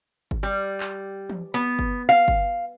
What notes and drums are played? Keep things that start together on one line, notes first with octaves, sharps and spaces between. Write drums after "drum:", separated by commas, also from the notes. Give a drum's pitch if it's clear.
drum: kick G1
G3
drum: clap
drum: tom E3
B3
drum: kick G1
F5
drum: kick G1